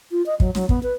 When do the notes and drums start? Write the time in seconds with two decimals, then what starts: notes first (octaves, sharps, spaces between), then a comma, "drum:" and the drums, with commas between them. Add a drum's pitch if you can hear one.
0.11 F4
0.26 D#5
0.40 F#3, drum: kick
0.55 F#3, drum: snare
0.69 B3, drum: kick
0.83 B4